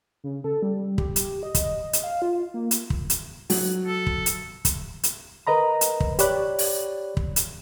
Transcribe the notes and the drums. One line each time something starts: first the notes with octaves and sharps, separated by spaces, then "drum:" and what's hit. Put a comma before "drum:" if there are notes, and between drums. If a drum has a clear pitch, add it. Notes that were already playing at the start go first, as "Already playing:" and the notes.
C#3
A4
G3
G4, drum: kick
drum: hi-hat
D#5
drum: kick, hi-hat
drum: hi-hat
F5
F4
A#3
drum: hi-hat
drum: kick
drum: hi-hat
F#3, drum: open hi-hat
A4
drum: kick
drum: hi-hat
drum: kick, hi-hat
drum: hi-hat
A#4 B4 D#5 A#5 B5
drum: hi-hat
drum: kick
G4 C#5 D5 B5 F#6, drum: hi-hat
drum: open hi-hat
drum: kick
drum: hi-hat